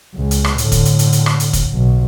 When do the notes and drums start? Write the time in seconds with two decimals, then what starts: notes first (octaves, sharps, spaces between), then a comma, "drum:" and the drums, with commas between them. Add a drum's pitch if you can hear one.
0.15 C#2
0.31 drum: hi-hat
0.44 drum: rim click
0.58 A2 D3, drum: hi-hat
0.72 drum: kick, hi-hat
0.85 drum: hi-hat
0.99 drum: hi-hat
1.13 drum: hi-hat
1.26 drum: rim click
1.40 drum: hi-hat
1.53 drum: kick, hi-hat
1.73 B1